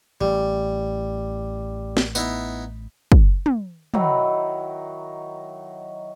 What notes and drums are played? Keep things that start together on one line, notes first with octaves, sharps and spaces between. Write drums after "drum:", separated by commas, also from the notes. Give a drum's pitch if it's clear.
A1 G3
drum: snare
B3 D#4 E4, drum: tambourine
drum: kick
drum: tom
D#3 F#3 E4, drum: tom